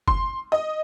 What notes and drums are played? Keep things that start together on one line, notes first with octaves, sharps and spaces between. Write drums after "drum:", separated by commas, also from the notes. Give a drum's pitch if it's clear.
C6, drum: kick F#1
D#5